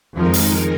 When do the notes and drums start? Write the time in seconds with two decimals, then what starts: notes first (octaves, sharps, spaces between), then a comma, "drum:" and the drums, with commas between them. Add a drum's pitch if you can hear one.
0.16 F2 D#3 F3 G#3 D#4 A#4
0.34 drum: open hi-hat